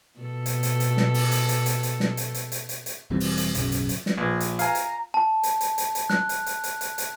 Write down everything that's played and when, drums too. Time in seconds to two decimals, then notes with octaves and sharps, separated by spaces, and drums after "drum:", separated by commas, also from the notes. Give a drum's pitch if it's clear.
0.19 B2 A4
0.46 drum: hi-hat
0.63 drum: hi-hat
0.80 drum: hi-hat
0.97 drum: snare
1.14 drum: open hi-hat
1.31 drum: hi-hat
1.49 drum: hi-hat
1.66 drum: hi-hat
1.83 drum: hi-hat
2.00 drum: snare
2.17 drum: hi-hat
2.34 drum: hi-hat
2.52 drum: hi-hat
2.69 drum: hi-hat
2.86 drum: hi-hat
3.10 E1 E3 G3 C4
3.20 drum: open hi-hat
3.37 drum: hi-hat
3.55 D1 B1 F#2 C#3, drum: hi-hat
3.72 drum: hi-hat
3.89 drum: hi-hat
4.06 drum: snare
4.18 A#1
4.40 drum: hi-hat
4.59 F5 G#5 A#5, drum: hi-hat
4.75 drum: hi-hat
5.14 A5
5.43 drum: hi-hat
5.61 drum: hi-hat
5.78 drum: hi-hat
5.95 drum: hi-hat
6.10 F#6, drum: snare
6.29 drum: hi-hat
6.46 drum: hi-hat
6.64 drum: hi-hat
6.81 drum: hi-hat
6.98 drum: hi-hat